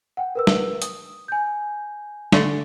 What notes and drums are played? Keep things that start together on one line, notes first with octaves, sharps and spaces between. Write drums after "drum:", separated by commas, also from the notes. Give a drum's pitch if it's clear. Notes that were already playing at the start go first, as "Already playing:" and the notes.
F#5 G5
A#4 B4 E6
drum: snare
D#6, drum: hi-hat
G#5 G6
D3 A3, drum: snare